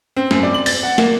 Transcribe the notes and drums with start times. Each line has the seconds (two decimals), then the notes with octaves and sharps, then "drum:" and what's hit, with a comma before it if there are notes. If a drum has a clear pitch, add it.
0.16 C4
0.31 F#2, drum: snare
0.43 D5
0.54 F#7
0.66 A6, drum: open hi-hat
0.83 F#5
0.98 A#3, drum: snare